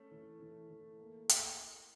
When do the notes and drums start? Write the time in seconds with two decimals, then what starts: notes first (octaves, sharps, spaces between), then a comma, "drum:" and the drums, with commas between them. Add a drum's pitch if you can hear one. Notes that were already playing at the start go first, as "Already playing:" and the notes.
Already playing: A3 C#4
0.11 E3
0.40 E3
0.70 E3
0.99 A#3
1.29 drum: hi-hat